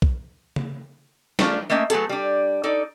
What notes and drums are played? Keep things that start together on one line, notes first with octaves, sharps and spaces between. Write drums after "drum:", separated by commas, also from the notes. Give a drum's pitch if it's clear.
drum: kick B1
drum: tom C#3
A3 C#4 D4 F4, drum: snare
A3 A#3 C#4 D#5 E5
F#3 A3 B3 G#4 A4, drum: hi-hat
G3 D4
D#4 A4 D5